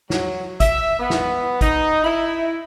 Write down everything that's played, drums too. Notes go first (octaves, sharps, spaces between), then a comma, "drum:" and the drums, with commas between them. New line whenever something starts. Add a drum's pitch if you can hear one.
F#3, drum: snare
E5, drum: kick G#1, hi-hat
B3
drum: snare
D#4, drum: kick G#1, hi-hat
E4